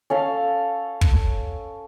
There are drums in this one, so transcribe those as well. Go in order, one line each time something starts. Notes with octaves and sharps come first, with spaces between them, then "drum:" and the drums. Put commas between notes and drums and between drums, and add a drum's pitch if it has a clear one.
C#4 A4 F5
drum: kick